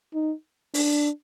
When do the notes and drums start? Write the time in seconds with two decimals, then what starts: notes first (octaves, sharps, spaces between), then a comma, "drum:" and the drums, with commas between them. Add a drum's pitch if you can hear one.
0.14 D#4
0.74 D4, drum: open hi-hat